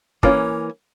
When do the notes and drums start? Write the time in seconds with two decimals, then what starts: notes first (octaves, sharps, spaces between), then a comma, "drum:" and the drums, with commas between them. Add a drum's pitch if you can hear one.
0.23 E3 A#3 C#4 F4, drum: kick